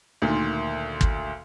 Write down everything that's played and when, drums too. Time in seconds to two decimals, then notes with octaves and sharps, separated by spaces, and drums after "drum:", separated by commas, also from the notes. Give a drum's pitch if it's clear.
0.22 D2 A#2 D#3
1.01 drum: kick